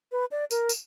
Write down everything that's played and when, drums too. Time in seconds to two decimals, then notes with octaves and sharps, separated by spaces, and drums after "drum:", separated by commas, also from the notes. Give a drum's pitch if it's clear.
0.12 B4
0.31 D5
0.51 A#4, drum: tambourine
0.69 drum: tambourine